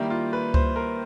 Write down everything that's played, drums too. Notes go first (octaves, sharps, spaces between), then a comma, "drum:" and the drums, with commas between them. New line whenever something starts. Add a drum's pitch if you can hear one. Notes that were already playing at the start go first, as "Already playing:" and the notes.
Already playing: D#3 G3 A#3 E4
F4
B4
C5, drum: kick C#2
A#4